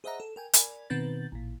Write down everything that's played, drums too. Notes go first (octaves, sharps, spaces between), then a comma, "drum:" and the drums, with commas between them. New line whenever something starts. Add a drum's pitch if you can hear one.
G#4 C5 D#5 E5 F#5 A#5
A4
A#4 G5 G#5
A#4 D5 G#5 B5, drum: hi-hat
B2 D#3 C4 B4 G6 A6
A1 A#2